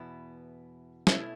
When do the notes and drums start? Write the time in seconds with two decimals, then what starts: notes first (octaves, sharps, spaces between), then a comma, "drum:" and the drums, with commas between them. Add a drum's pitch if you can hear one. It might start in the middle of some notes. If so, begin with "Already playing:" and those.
Already playing: E2 B2 B3 E4
1.07 B2 A3 C#4 E4, drum: snare